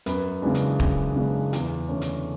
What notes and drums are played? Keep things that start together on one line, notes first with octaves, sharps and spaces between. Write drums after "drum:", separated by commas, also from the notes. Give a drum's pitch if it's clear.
F#2 B4, drum: hi-hat
C#3 E3 G#3 D4
drum: hi-hat
F#2, drum: kick
C#3 E3 G#3 D4
E2, drum: hi-hat
D3 A3 C#4
drum: hi-hat